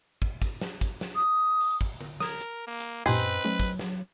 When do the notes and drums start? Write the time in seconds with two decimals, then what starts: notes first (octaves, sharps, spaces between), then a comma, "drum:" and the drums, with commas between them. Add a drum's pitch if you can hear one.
0.22 drum: kick
0.42 drum: kick, hi-hat
0.61 drum: snare
0.81 drum: kick, hi-hat
1.01 drum: snare
1.15 D#6
1.61 drum: open hi-hat
1.81 drum: kick
2.01 drum: tom D3
2.20 A#4 D#6 G#6, drum: snare
2.40 drum: hi-hat
2.67 A#3
2.80 drum: hi-hat
3.06 F#2 A#2 C4 D#4 G4 B4 G#5 C7
3.20 drum: hi-hat
3.45 F#3 A3 C#4
3.60 drum: kick, hi-hat
3.79 drum: snare